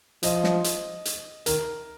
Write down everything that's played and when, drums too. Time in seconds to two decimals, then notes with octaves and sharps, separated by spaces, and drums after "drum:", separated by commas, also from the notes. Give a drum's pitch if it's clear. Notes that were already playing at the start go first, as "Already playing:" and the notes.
0.23 F3 D#5, drum: hi-hat
0.44 drum: snare
0.64 drum: hi-hat
1.05 drum: hi-hat
1.46 D#3 A#4, drum: hi-hat